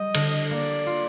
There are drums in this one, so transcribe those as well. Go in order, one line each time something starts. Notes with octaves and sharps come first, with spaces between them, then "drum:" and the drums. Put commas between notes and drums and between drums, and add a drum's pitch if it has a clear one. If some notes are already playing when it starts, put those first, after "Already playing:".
Already playing: G3 D#5
D3, drum: cymbal
A#3 D5
F4